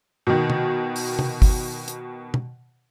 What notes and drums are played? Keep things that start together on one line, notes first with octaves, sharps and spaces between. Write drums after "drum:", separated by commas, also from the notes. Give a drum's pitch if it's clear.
B2 D#3
drum: tom C3
drum: open hi-hat
drum: tom C3
drum: kick G1, open hi-hat
drum: hi-hat
drum: tom B2